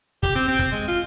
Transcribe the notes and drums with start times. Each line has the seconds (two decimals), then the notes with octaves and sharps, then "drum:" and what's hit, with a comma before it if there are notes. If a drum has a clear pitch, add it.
0.23 G4, drum: kick
0.35 C4
0.48 C4
0.59 drum: kick
0.72 G#3
0.88 F4